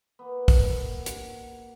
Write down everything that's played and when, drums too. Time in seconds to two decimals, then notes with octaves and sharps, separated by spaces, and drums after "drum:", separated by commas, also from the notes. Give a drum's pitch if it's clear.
0.19 A#3 B3
0.48 drum: kick, open hi-hat
1.06 drum: hi-hat